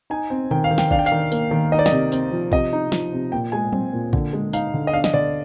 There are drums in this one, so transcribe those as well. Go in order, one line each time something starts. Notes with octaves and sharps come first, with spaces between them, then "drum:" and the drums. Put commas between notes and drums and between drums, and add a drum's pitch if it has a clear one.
D#4 G#5
C4
D#3 G5, drum: tom A#2
F5
D#3
G5, drum: snare
D4 F5, drum: kick
G5
F5, drum: tambourine
D#3
A#3, drum: tambourine
D#3
D#4 D#5
D5
D#5, drum: snare
C3
C4, drum: tambourine
F3
C3 D#5, drum: kick
D#4
F3, drum: snare
C3
A#2 G5
G#3 G#5
C4, drum: tom F#3
A#2
D3, drum: kick
G#3
D#4 F5, drum: tambourine
D3
D#5
D4 F5
D#5, drum: snare
D3 D5